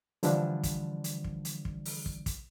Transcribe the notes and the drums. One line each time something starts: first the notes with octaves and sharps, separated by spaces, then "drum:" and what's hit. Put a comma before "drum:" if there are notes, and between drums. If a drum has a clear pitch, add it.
D3 E3 F3 G3 D4, drum: hi-hat
drum: kick, hi-hat
drum: hi-hat
drum: kick
drum: hi-hat
drum: kick
drum: open hi-hat
drum: kick
drum: kick, hi-hat